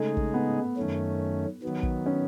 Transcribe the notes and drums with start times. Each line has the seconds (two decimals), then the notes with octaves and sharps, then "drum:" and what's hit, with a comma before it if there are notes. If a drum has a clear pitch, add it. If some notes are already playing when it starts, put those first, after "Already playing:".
Already playing: C#3 G#3 A3 D#4 G#4
0.17 drum: kick
0.34 B3
0.77 F#2 D#3 A3 C#4
1.63 D#3 F#3 B3
1.83 drum: kick
2.06 C#4